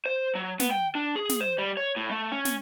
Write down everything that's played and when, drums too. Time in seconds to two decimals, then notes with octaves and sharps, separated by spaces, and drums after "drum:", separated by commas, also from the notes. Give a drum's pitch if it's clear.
0.06 C5
0.35 F#3
0.60 B3, drum: snare
0.71 G5
0.95 D4
1.16 G#4
1.29 drum: snare
1.40 C5
1.58 G3
1.77 C#5
1.97 A2
2.11 A3
2.32 C#4
2.45 drum: snare